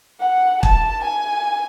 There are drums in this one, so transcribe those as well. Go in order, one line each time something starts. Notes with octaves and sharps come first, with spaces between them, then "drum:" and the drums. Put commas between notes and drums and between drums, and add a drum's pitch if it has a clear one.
F#5
A5, drum: kick
G#5